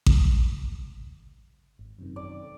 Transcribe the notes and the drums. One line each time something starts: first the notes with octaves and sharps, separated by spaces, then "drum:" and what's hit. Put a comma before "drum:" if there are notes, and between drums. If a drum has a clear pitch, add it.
drum: kick A1
G#1
F#2 C3 D#3
D5
A4